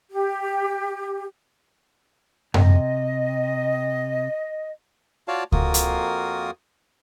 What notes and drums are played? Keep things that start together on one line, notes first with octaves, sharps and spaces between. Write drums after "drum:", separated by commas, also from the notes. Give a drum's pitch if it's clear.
G4
C3 D#5, drum: tom F#2
F4 F#4 C#5 D5 F5 A5
F2 A#3 F4 F#4 A#4 D#6, drum: kick C#2
drum: hi-hat